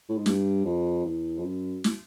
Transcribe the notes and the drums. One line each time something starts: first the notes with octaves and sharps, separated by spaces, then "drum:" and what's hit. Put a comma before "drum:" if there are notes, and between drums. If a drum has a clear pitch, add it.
A2
G#2
G2, drum: snare
F2
E2
F2
F#2
drum: snare